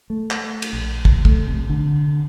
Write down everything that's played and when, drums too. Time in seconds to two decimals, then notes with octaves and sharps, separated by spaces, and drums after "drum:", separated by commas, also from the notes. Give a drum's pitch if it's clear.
0.10 A3
0.31 drum: clap
0.62 drum: cymbal
0.73 A#1
1.05 drum: kick
1.25 A3, drum: kick
1.48 C3
1.70 D3